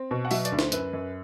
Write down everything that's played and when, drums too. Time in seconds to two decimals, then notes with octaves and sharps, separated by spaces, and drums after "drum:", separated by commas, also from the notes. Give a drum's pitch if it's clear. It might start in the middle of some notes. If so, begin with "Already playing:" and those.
Already playing: C4
0.11 B2
0.25 F#5
0.31 F#3 E5, drum: open hi-hat
0.45 D5, drum: hi-hat
0.52 D2
0.59 C5, drum: snare
0.72 F#2 B4, drum: hi-hat
0.93 F#2